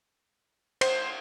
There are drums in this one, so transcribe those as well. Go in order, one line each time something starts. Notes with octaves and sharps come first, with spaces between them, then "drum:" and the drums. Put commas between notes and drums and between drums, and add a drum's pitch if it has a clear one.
C5, drum: cymbal